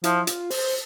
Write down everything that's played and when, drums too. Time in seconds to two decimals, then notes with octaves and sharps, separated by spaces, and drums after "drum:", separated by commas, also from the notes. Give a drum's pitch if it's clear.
0.04 F3 E4, drum: hi-hat
0.27 F4, drum: hi-hat
0.50 C5, drum: open hi-hat